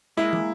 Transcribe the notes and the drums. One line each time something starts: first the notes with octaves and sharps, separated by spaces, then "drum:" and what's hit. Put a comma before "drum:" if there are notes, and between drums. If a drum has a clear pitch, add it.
G#3 A#3 E4
drum: tom